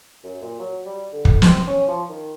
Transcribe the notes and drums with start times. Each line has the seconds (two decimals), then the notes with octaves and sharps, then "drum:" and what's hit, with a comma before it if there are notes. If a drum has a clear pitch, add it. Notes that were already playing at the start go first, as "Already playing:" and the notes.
0.24 F#2
0.41 A#2
0.59 F#3
0.86 G3
1.13 D3
1.25 drum: kick
1.42 C4, drum: snare
1.67 C#4
1.88 F3
2.09 D#3